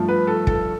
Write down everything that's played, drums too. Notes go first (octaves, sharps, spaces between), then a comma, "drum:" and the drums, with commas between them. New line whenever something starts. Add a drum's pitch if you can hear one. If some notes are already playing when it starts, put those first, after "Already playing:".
Already playing: G2 F3 A3
B4
A4
A4, drum: kick